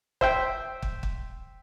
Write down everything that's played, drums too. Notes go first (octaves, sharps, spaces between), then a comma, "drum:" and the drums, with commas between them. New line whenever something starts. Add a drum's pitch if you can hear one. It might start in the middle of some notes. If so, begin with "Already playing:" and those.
C5 E5 G5, drum: kick
drum: kick
drum: kick